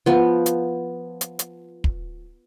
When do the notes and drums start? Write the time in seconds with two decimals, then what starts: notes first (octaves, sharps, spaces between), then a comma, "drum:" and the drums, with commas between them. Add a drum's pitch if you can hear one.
0.06 F3 B3
0.46 drum: hi-hat
1.21 drum: hi-hat
1.39 drum: hi-hat
1.84 drum: kick